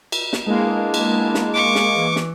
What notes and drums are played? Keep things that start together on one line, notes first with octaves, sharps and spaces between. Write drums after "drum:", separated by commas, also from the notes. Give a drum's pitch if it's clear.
drum: cymbal
drum: snare
G#3 A#3 B3 D4 E4
drum: cymbal
drum: snare
C#6 D6
drum: snare
E3
drum: snare